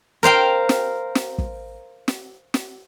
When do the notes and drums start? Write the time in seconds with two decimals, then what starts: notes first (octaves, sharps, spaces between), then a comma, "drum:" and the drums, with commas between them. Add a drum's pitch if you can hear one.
0.23 A#4 C5 F5 G5
0.69 drum: snare
1.15 drum: snare
1.38 drum: kick
2.08 drum: snare
2.54 drum: snare